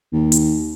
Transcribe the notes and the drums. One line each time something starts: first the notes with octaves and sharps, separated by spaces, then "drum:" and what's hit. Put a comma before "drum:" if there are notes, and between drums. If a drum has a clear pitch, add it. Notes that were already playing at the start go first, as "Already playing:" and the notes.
D#2
drum: hi-hat